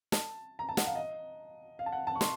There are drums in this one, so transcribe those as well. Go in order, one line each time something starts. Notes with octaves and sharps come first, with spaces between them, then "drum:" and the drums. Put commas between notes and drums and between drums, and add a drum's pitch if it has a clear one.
A5, drum: snare
A#5
A5
F#5, drum: snare
F5
D#5
F5
A5
F#5
A5
C#6
C6, drum: snare